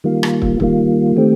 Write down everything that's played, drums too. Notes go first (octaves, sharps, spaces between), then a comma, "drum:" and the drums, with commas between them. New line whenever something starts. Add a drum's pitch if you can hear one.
D#3 G3 A#3 F4
drum: rim click
drum: kick
D#3 G3 A#3 F4, drum: kick
D#3 A3 C4 G4